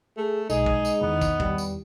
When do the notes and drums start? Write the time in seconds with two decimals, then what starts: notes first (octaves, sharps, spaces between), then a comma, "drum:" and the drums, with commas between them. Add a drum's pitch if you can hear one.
0.17 A3 G#4
0.50 B1 G#3 D#4 G#4, drum: tambourine
0.66 drum: kick
0.85 drum: tambourine
1.01 E2 D#3 E3 B3
1.22 drum: kick, tambourine
1.40 G3, drum: kick
1.58 drum: tambourine